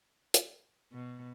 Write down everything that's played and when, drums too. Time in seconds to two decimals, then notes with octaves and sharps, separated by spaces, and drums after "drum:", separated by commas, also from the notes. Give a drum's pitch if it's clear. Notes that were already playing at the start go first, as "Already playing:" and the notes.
0.34 drum: hi-hat
0.93 B2